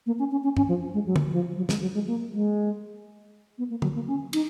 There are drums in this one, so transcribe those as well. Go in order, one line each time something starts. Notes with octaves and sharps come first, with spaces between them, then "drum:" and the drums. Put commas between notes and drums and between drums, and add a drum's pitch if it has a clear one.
A#3
C#4
C#4
C#4
C#4, drum: tom G2
F3
G#3
F#3
drum: tom
F3
F#3
G#3, drum: snare
F#3
G#3
A#3
G#3
B3
A#3
F#3, drum: tom
A#3
C#4
D#4, drum: cymbal